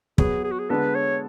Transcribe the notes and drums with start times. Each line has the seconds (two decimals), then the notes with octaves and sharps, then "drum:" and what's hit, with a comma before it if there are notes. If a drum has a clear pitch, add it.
0.18 F#3 B3 F#4 G#4 B4, drum: kick
0.44 G#4
0.52 F#4
0.59 G#4
0.69 D3 G#3 B3 D4 A4 B4
0.95 C#5